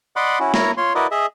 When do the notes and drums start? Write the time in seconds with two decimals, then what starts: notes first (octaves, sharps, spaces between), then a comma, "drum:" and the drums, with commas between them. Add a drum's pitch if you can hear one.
0.16 D5 D#5 F#5 B5 C6 D6
0.40 C#4 E4 F#4
0.54 E4 A#4 C#5 A#5, drum: snare
0.77 F4 C#5 C6
0.95 E4 F#4 A#4 B4 D5 D#5
1.11 G#4 D#5 E5